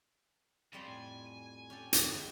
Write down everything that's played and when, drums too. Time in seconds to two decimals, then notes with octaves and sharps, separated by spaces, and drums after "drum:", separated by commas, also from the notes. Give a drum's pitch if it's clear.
0.73 F2 C#3 G3 C6
0.87 A2 G#5
1.70 C#4 G4 A4
1.93 G2 D3 E3, drum: hi-hat
2.12 G#2 D#3